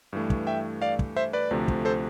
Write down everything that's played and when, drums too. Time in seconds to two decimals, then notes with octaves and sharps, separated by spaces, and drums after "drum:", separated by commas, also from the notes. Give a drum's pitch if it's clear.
0.13 G2 E3 A3
0.30 drum: kick
0.47 E5 G5
0.82 D5 F5
0.99 drum: kick
1.16 C5 E5
1.33 B4 D5
1.51 D2 C3 F3 A3
1.68 drum: kick
1.85 A4 C5